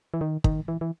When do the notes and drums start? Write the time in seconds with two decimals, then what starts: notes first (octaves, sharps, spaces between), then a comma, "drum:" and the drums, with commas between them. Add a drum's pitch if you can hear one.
0.14 E3
0.21 D#3
0.44 D#3, drum: kick
0.68 E3
0.81 E3